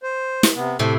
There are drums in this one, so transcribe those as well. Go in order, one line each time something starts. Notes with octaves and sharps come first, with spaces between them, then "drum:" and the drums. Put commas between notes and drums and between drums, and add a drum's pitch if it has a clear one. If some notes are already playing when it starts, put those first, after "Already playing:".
C5
drum: snare
C3 B3
A2 C3 E4 A4